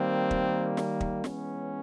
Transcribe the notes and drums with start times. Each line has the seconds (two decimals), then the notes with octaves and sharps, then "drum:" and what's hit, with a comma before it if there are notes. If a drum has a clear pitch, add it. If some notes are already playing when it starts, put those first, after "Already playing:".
Already playing: D#3 G3 A#3 C4
0.31 drum: kick
0.77 drum: snare
1.00 drum: kick
1.24 E3 G#3 B3 C#4, drum: snare